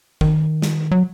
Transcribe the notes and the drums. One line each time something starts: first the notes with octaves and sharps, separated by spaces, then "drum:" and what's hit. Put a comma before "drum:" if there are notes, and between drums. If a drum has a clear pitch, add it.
D#3, drum: kick
drum: snare
F#3